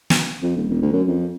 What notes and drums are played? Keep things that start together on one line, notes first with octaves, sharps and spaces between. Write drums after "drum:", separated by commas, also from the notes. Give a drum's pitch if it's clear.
drum: snare
F2
D#1
E1
D2
F#2
F2